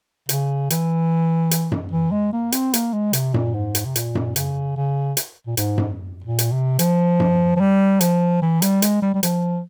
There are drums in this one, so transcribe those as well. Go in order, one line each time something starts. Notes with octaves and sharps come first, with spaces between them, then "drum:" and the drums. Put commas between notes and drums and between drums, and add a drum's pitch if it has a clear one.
C#3, drum: hi-hat
E3, drum: hi-hat
drum: hi-hat
drum: tom F#2
E3
G#3
A#3
C4, drum: hi-hat
A#3, drum: hi-hat
G#3
C3, drum: hi-hat
A#2, drum: tom F#2
G#2
drum: hi-hat
C3
A#2, drum: hi-hat
drum: tom F#2
C#3, drum: hi-hat
C#3
drum: hi-hat
A#2
G#2, drum: hi-hat
drum: tom F#2
A#2
drum: hi-hat
C3
F3, drum: hi-hat
drum: tom F#2
F3
G3
F3, drum: hi-hat
E3
G3, drum: hi-hat
G#3, drum: hi-hat
G3
G3
F3, drum: hi-hat